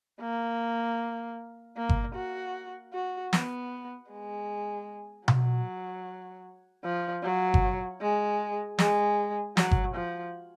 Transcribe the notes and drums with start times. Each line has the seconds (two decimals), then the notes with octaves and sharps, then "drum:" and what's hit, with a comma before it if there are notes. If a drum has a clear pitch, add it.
0.21 A#3
1.77 A#3
1.89 drum: kick G1
2.15 F#4
2.93 F#4
3.33 B3, drum: snare
4.11 G#3
5.28 F#3, drum: tom B2
6.84 F3
7.23 F#3
7.54 drum: kick G1
8.00 G#3
8.79 G#3, drum: snare
9.57 F#3, drum: snare
9.71 drum: kick G1
9.95 F3